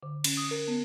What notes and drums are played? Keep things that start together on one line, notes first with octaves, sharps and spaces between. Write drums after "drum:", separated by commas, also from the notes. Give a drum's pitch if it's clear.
D3
C#4, drum: cymbal
D#6
A#4
B3